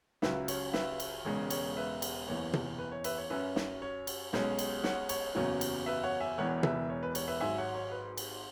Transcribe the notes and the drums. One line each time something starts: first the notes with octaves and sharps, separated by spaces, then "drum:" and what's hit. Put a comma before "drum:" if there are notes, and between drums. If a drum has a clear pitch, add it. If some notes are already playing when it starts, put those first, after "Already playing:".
C#2 C#3 F#3 B4 E5, drum: snare
C#5, drum: cymbal
B4 E5, drum: snare
drum: cymbal
E1 E2 C#3 G#3 C#5
C#5, drum: cymbal
B4 E5
drum: cymbal
F#1 E2 E3 C#5
drum: tom
B4
C#5
B4 E5, drum: cymbal
C#5
F#2 F#3 C#4 B4 E5
drum: snare
C#5
drum: cymbal
B1 B2 G#3 C#4 C#5, drum: snare
drum: cymbal
C#5 F#5, drum: snare
C#5, drum: cymbal
F#1 E2 C#3 F#3 C#5
drum: cymbal
B4 E5
C#5 F#5
E5 G#5
E1 E2 E3 C#5 F#5
B4 E5, drum: tom
C#5
B4
C#5, drum: cymbal
B4 E5
G#1 G#2 F#3 E5 G#5
C#5 F#5
C#5
B4
drum: cymbal